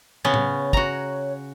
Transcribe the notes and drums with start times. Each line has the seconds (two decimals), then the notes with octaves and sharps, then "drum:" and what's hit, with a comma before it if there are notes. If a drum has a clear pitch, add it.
0.24 C#3 B3 C#4 C#5
0.34 drum: tom A2
0.73 F#4 A#5, drum: kick